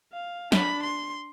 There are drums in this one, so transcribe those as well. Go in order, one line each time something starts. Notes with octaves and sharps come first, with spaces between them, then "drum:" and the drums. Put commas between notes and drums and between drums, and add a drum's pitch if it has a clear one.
F5
D4 B5, drum: snare
C6